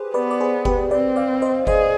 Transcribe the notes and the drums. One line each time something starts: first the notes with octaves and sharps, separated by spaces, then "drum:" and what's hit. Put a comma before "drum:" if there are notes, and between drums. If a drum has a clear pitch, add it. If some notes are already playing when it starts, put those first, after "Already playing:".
Already playing: G4 G#4 B4 C5
B3 B4 D5
D5
G#4 C5
G4 B4, drum: kick F#1
C4 B4 D5
D5 F5
C5 D#5
G#4 C5 D#5, drum: kick F#1